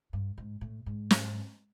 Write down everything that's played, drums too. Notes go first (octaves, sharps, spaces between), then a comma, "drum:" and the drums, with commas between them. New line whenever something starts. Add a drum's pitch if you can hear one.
G2
G#2
A2
G#2
drum: snare